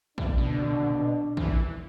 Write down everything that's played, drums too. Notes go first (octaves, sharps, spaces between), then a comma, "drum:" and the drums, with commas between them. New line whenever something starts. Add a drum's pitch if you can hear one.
E3 D4, drum: kick
B2
D3
B2
D3
B2
D3
B2
E3, drum: kick